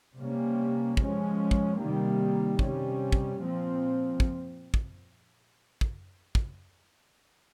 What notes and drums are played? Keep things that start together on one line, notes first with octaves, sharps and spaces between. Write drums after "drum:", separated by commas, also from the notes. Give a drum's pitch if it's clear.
C3 G3 A#3 C#4
F3 G#3 C#4, drum: kick
drum: kick
C3 D#3 G3 A#3
C3 G3 C#4, drum: kick
drum: kick
A#2 F3 C4
drum: kick
drum: kick
drum: kick
drum: kick